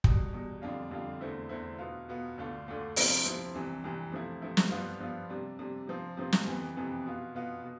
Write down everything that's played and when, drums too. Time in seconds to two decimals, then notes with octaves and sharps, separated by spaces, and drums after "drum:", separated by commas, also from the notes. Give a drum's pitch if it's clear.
0.04 E2 B2 G3, drum: kick
0.33 E2 B2 G3
0.62 F2 D3 G3 D4 F4
0.91 F2 D3 G3 D4 F4
1.21 E2 D3 A3 C4 E4
1.49 E2 D3 A3 C4 E4
1.78 B2 B3 F4
2.09 B2 B3 F4
2.38 D2 D3 A3 D4 F4
2.67 D2 D3 A3 D4 F4
2.96 C3 F3 C4 E4, drum: open hi-hat
3.25 C3 F3 C4 E4
3.54 C2 C3 E3
3.84 C2 C3 E3
4.12 C3 F3 A3 E4
4.42 C3 F3 A3 E4
4.57 drum: snare
4.71 G2 F3 B3 F4
5.00 G2 F3 B3 F4
5.29 C3 G3 D4
5.59 C3 G3 D4
5.87 C3 F3 C4
6.17 C3 F3 C4
6.32 drum: snare
6.46 F2 C3 E3 B3
6.76 F2 C3 E3 B3
7.05 B2 B3 F4
7.34 B2 B3 F4
7.63 B2